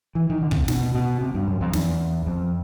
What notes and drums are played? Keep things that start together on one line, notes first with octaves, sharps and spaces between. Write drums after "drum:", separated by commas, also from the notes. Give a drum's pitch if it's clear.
E3
D#3
D3
C#3, drum: kick
C3
B2, drum: snare
B2
C3
G2
F#2
F2
E2, drum: snare
F2